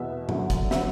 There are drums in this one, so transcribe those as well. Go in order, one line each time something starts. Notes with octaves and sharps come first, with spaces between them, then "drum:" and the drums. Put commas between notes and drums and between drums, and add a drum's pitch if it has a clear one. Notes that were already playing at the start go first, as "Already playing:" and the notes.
Already playing: E2 B2 B3 E5
F#2 D3 F#3, drum: tom G#2
drum: kick, hi-hat
D3 F#3 E5, drum: snare